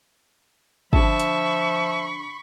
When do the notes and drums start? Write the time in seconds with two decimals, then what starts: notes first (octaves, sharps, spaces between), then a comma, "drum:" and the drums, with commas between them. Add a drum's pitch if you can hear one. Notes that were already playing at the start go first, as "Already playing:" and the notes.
0.93 D3 F3 E5 A5 B5 C#6, drum: kick
1.20 drum: hi-hat